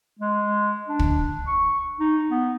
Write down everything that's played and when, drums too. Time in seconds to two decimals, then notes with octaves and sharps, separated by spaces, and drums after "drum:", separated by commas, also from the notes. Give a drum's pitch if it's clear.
0.19 G#3
0.88 D4
0.99 drum: kick
1.47 C#6
2.00 D#4
2.30 B3